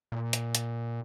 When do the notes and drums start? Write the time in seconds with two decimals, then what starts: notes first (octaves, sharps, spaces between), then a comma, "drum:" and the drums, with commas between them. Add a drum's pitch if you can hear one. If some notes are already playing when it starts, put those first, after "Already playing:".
0.12 A#2
0.33 drum: hi-hat
0.55 drum: hi-hat